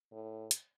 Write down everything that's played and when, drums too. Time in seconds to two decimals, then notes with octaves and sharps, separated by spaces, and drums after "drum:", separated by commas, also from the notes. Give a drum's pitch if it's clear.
0.12 A2
0.51 drum: hi-hat